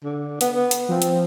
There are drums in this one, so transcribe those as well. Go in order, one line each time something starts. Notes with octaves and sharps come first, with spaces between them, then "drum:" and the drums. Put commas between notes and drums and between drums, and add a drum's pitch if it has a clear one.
D3
B3, drum: hi-hat
B3
drum: hi-hat
F3 C4
drum: hi-hat